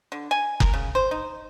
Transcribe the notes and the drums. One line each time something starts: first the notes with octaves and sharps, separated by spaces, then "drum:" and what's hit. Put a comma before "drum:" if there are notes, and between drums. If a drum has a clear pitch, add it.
D3
G#5
A#4, drum: kick F#1
C#3
C5
D#4